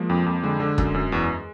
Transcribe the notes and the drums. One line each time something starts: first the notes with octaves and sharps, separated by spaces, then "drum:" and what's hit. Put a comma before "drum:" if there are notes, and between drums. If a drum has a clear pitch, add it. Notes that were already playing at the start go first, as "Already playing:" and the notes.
Already playing: F3 G#3 A#3
F2
F2
D3 G#3
D3
F#2, drum: kick E1
F#2
E2